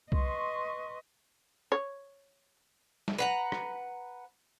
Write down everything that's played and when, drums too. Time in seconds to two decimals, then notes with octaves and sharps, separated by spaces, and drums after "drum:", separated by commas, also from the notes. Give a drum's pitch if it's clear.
0.12 B4 D#5 C6 C#6, drum: kick C2
1.72 C#5
3.08 drum: snare
3.18 B4 F#5 A#5
3.52 drum: rim click